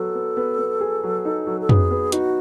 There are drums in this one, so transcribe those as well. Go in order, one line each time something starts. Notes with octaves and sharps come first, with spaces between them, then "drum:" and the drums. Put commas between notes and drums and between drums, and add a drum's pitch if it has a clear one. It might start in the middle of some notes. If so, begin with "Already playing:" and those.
Already playing: F#3 B3 A4
B3
B3
B3
G#4
F#3
D#4
F#3
A4
B3 G#4, drum: tom
B3
D#4 F#4, drum: hi-hat